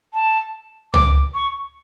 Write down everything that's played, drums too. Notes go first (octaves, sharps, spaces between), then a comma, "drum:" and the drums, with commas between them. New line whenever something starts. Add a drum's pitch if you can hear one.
A5
D6, drum: tom
C#6